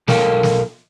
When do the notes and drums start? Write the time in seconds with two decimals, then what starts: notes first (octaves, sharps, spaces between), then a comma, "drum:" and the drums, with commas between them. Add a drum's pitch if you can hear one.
0.08 B1 A4 A#4 F5 G5, drum: snare
0.43 drum: snare